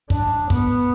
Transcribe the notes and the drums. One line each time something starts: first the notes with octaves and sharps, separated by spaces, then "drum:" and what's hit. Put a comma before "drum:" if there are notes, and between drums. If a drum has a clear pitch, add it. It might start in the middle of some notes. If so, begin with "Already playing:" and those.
D4, drum: kick
B3, drum: kick